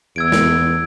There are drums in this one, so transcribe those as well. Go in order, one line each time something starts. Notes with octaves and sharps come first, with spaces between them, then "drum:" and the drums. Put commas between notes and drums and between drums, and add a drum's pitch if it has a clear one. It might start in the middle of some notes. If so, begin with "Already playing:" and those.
E2 E6 G#6 D7
drum: snare